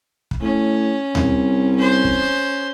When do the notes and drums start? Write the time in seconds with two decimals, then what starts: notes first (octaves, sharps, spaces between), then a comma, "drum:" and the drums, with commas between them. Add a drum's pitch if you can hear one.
0.31 drum: kick
0.41 A2 C#4
1.15 C2, drum: tom D2
1.76 C#4 C5
2.05 drum: kick